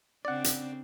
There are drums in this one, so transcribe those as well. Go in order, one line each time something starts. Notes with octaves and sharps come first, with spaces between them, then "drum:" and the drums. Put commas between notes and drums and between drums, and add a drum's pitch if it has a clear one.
C#3 C4 D4 D5 F#5
drum: hi-hat